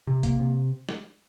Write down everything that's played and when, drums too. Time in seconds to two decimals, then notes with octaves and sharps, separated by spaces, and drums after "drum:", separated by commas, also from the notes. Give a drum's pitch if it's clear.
0.07 C3
0.23 A#3, drum: kick A1, hi-hat
0.39 C3
0.89 drum: snare